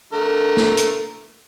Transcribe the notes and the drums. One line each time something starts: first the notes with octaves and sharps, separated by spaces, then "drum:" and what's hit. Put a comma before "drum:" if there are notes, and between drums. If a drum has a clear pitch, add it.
D3 A3 A#4
drum: snare
drum: hi-hat